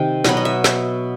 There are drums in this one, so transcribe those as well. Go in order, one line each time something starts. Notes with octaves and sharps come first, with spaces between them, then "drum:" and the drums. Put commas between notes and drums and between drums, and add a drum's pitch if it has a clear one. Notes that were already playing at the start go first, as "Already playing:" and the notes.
Already playing: C3 D#3 G5
B2 F#3 B3 F#5, drum: snare
D#5
E5
E5, drum: snare